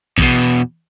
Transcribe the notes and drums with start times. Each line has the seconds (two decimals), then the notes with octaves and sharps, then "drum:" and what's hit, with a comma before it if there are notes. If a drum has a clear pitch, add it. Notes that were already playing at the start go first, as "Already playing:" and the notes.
0.18 E2 B2, drum: kick